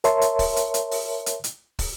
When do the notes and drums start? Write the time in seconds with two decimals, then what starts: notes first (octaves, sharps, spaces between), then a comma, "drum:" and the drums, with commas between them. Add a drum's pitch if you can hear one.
0.04 A#4 C#5 E5 A5 C6, drum: hi-hat
0.21 drum: hi-hat
0.39 drum: kick, open hi-hat
0.56 drum: hi-hat
0.74 drum: hi-hat
0.91 drum: open hi-hat
1.26 drum: hi-hat
1.44 drum: hi-hat
1.79 drum: kick, open hi-hat